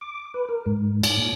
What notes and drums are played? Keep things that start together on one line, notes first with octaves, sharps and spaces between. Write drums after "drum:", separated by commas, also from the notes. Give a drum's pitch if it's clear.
D6
B4
A#4
G#2
drum: cymbal
A#2